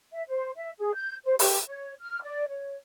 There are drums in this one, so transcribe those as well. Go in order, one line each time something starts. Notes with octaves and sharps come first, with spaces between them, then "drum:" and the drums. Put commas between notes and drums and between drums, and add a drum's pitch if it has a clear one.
E5
C5
E5
G#4
G6
C5
G4, drum: open hi-hat
C#5
F6
D5
C#5